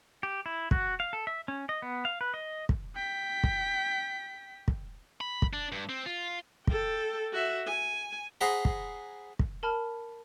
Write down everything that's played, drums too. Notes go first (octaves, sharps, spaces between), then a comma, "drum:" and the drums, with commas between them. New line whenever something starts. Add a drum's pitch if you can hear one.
G4
E4
F#4, drum: kick
F5
A4
E5
C#4
D#5
B3
F5
B4
D#5
drum: kick
G5 B6
drum: kick
drum: kick
B5
drum: kick
D4
G2
C4
F4
A4 G5, drum: kick
F#4 E5
G#5
G#4 C5 F#5 A#5 B5
drum: kick
drum: kick
A#4 A5 B5 F6